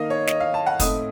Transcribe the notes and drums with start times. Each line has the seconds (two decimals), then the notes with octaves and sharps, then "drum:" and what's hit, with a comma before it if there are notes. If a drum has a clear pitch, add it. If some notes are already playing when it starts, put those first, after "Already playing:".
Already playing: D#3 A#3 D#4 D#5 F5
0.10 C#5
0.27 D#5, drum: snare
0.40 F5
0.54 A5
0.66 F#5
0.80 A2 A3 C4 D#4 D#6, drum: kick, hi-hat